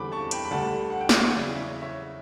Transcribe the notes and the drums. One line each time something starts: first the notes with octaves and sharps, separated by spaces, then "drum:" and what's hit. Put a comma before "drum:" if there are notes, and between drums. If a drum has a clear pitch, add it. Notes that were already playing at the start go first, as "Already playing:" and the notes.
Already playing: E2 D3 G3 B5 D6
A5 C#6
G5 B5, drum: hi-hat
B5
D2 D3 G3 F#5 A5
F#5
G5
D5 F#5, drum: snare
C#5
E2 C#3 F#3 C#4 E4 D5
C#5 E5
C#5 E5